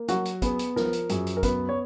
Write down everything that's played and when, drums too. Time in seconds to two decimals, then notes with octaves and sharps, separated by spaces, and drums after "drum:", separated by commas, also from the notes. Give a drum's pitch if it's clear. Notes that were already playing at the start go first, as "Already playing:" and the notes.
Already playing: A#3
0.08 F#3 F#4, drum: hi-hat
0.25 drum: hi-hat
0.42 B3 G#4, drum: kick, hi-hat
0.59 drum: hi-hat
0.76 F3 A#4, drum: snare
0.93 drum: hi-hat
1.09 F#2 G#4, drum: hi-hat
1.27 drum: hi-hat
1.37 A#4
1.43 B3 B4, drum: kick, hi-hat
1.69 C#5